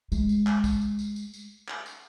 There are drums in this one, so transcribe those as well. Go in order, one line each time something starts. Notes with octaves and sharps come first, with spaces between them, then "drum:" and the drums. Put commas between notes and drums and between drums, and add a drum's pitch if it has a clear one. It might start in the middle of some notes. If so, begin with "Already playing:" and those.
G#3, drum: tambourine
drum: tambourine
drum: clap
drum: kick, tambourine
drum: tambourine
drum: tambourine
drum: tambourine
drum: tambourine
drum: clap
drum: tambourine